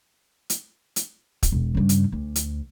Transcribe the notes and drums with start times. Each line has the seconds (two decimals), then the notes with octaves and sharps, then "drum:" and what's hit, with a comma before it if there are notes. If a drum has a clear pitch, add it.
0.50 drum: hi-hat
0.96 drum: hi-hat
1.43 drum: kick, hi-hat
1.52 E1
1.75 G2 C#3
1.89 drum: hi-hat
2.12 D2
2.36 drum: hi-hat